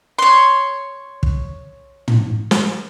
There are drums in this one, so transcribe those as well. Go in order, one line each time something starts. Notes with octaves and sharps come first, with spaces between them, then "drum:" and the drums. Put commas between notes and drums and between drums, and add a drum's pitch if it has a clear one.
C#5 C6
drum: kick
drum: tom
drum: snare